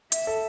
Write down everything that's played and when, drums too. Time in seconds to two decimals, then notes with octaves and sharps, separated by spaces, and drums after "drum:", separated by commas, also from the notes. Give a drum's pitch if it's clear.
0.12 E5, drum: hi-hat
0.27 A4